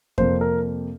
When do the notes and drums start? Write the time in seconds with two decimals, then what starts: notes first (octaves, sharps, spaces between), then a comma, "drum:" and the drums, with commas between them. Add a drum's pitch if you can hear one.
0.18 F2 C3 F3 A#3 C5, drum: kick F2
0.41 A#4